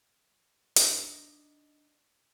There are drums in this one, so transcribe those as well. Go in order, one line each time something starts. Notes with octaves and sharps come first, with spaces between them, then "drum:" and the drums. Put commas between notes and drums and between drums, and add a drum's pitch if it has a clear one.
D4 D#4 D#5, drum: hi-hat